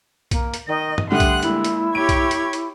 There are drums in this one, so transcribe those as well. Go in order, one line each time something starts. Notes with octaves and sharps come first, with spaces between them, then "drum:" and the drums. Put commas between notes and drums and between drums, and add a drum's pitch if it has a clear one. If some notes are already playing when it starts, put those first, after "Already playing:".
A#3, drum: kick B1, hi-hat
drum: hi-hat
D#3 D#5
drum: tom G2
D3 G3 A3 F#5 C6 D#6 F#6
drum: kick B1, hi-hat
A#2 G#3 E4, drum: hi-hat
drum: hi-hat
G4 C#5 G#6 D7
drum: kick B1, hi-hat
drum: hi-hat
drum: hi-hat